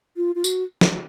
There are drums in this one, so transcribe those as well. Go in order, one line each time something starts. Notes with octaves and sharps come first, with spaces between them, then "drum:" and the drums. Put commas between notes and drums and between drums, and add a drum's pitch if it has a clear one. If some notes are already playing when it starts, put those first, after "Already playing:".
F4
F4
F#4, drum: tambourine
drum: snare